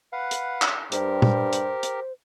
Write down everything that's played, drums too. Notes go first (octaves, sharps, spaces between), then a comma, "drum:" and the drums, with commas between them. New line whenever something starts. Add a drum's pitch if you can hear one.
B4 F5 F#5
drum: hi-hat
drum: clap
G2 G4 A#4 C5, drum: hi-hat
drum: tom A#2
drum: hi-hat
drum: hi-hat